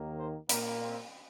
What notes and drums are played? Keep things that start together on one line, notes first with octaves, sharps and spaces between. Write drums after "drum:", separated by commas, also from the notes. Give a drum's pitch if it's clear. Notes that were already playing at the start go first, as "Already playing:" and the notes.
Already playing: D#2 D#3 A#3
C5
A#2 A#3 A#4, drum: hi-hat
C4